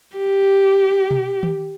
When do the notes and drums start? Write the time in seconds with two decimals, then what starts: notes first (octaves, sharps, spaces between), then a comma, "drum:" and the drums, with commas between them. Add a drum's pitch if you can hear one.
0.17 G4
1.11 drum: tom B2
1.43 drum: tom D#3